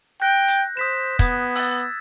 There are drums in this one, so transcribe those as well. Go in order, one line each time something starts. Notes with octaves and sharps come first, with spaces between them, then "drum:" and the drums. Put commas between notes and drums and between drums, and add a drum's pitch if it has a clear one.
G5 F#6 G6 A#6
drum: hi-hat
C5 D#6 B6 E7
B3 G#6, drum: kick, hi-hat
E6 A6, drum: open hi-hat